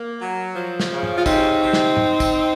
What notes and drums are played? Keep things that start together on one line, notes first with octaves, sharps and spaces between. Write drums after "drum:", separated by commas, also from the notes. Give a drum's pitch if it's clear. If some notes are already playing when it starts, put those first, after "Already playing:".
Already playing: A#3
F#3
F3
drum: snare
C#3
drum: tom G#2
F4
C3 C4 D#4, drum: kick, tambourine
C3
drum: snare
drum: tom G#2
drum: kick, tambourine